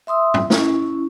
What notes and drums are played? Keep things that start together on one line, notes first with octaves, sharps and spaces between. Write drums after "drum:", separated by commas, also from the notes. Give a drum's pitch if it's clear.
E5 C6 D#6 E6
drum: tom G#2
C#4 E4, drum: snare